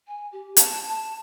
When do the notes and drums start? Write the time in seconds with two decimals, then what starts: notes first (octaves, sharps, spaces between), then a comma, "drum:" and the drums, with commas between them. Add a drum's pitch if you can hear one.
0.07 G#5
0.32 G4
0.57 A5, drum: hi-hat
0.89 A5